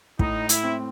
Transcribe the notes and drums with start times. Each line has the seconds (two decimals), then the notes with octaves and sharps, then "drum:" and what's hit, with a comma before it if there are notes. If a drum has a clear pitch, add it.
0.19 A2 D#4, drum: kick
0.49 E4, drum: hi-hat
0.64 C4